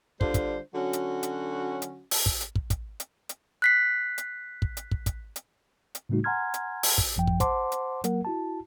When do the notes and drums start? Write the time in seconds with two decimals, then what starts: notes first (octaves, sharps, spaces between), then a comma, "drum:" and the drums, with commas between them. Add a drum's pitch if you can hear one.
0.21 D3 G3 D4 F4 C5, drum: kick
0.34 drum: kick, hi-hat
0.74 D3 F#3 C#4 F#4
0.93 drum: hi-hat
1.23 drum: hi-hat
1.82 drum: hi-hat
2.11 drum: open hi-hat
2.26 drum: kick
2.41 drum: hi-hat
2.55 drum: kick
2.70 drum: kick, hi-hat
3.00 drum: hi-hat
3.29 drum: hi-hat
3.62 F#6 B6 C7
4.18 drum: hi-hat
4.62 drum: kick
4.77 drum: hi-hat
4.91 drum: kick
5.06 drum: kick, hi-hat
5.36 drum: hi-hat
5.95 drum: hi-hat
6.09 A2 C#3 G3 A3 D#4 F#4
6.24 F#5 G#5 A#5 C6 F6 G#6
6.54 drum: hi-hat
6.83 drum: open hi-hat
6.98 drum: kick
7.16 G#1 F#2 F3 G5
7.27 drum: kick
7.40 C5 F#5 A5 C6 D6, drum: kick, hi-hat
7.72 drum: hi-hat
8.04 F#3 A#3 A#4 F#5, drum: hi-hat
8.25 E4 F#4 A5